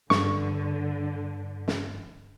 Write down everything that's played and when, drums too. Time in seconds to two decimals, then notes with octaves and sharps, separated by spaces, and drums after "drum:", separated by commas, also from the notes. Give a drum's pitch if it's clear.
0.10 G2 D3 C#6, drum: snare
1.68 drum: snare